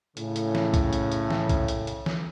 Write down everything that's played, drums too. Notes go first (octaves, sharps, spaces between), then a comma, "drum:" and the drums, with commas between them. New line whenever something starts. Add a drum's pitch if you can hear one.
A2 C#3, drum: hi-hat
drum: hi-hat
drum: snare
drum: kick, hi-hat
drum: hi-hat
drum: hi-hat
drum: snare
drum: kick, hi-hat
drum: hi-hat
drum: hi-hat
drum: snare